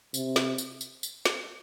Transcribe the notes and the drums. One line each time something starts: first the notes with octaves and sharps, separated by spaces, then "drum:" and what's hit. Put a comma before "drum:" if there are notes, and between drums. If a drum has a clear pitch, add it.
C3, drum: tambourine
drum: snare
drum: tambourine
drum: tambourine
drum: tambourine
drum: snare